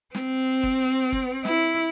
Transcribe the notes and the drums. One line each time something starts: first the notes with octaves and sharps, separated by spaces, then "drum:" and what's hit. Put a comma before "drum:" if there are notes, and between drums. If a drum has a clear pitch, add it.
C4, drum: snare
drum: kick
drum: kick
E4, drum: snare